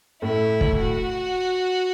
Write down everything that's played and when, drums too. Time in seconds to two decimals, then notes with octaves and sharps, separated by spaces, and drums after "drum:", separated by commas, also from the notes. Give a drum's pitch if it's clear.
0.22 A2 A3 E4
0.61 drum: kick
0.78 F#4